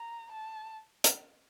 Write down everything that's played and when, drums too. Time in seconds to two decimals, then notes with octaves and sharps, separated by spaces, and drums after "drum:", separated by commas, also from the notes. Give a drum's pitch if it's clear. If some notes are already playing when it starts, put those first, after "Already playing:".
Already playing: A#5
0.32 A5
1.04 drum: hi-hat